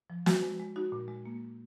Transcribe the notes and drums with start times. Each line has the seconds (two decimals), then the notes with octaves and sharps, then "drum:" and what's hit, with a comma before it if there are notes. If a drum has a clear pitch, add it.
0.10 F3
0.26 G#3 F#4, drum: snare
0.43 G#3
0.60 G#3
0.76 D#4 F#4
0.92 A#2
1.08 G#3
1.26 A#3